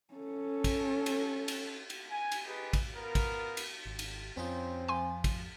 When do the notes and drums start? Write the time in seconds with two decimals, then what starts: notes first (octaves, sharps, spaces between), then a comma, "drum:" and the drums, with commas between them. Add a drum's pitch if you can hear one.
0.14 C#4 A4
0.64 drum: kick, cymbal
1.06 drum: cymbal
1.48 drum: cymbal
1.90 drum: cymbal
2.11 G#5
2.32 drum: cymbal
2.46 D#4 G4 G#4 B4
2.73 drum: kick, cymbal
2.95 B3 F4 A#4
3.15 drum: kick, cymbal
3.57 drum: cymbal
3.86 G#1
3.99 drum: cymbal
4.37 F2 C4 C#4 D#4 F4
4.88 F3 G#5 C6
5.24 drum: kick, cymbal